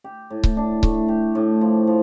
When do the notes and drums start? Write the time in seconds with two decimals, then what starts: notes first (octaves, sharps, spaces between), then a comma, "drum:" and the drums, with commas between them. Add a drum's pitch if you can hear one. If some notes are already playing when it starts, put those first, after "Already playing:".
0.04 G4
0.30 A2
0.44 drum: kick C#1
0.57 D4
0.83 A3, drum: kick C#1
1.08 G4
1.35 A2
1.61 F3
1.87 F3